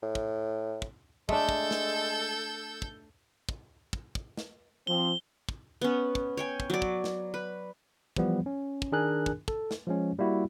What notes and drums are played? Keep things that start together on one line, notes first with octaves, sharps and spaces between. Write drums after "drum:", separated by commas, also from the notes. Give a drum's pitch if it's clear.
A2
drum: kick
drum: kick
G#3 A3 D4 A4 E6 G6, drum: kick
drum: kick
drum: snare
drum: kick
drum: kick
drum: kick
drum: kick
drum: snare
F3 C4 G7
drum: kick
B3 C#4
drum: kick
C#5 G5 G#5
drum: kick
F#3 D5
drum: kick
drum: snare
B4
E3 F3 G3 B3, drum: kick
C#4
drum: kick
D#3 D4 G#4 A#4 G#5 F#6
drum: kick
A4, drum: kick
drum: snare
F3 G#3 C#4
G3 A#3 E4 F#4